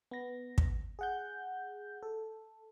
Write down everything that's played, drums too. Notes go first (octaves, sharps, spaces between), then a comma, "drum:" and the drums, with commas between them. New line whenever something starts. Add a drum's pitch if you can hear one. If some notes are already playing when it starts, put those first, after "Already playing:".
B3 A#6
drum: kick
G#4 F#5 G6
A4